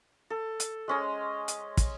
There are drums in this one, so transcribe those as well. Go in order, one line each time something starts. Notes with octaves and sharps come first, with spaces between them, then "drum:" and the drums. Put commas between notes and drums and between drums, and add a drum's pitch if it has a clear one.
A4
drum: hi-hat
G#3 C#4 D#5 C6
drum: hi-hat
drum: kick, hi-hat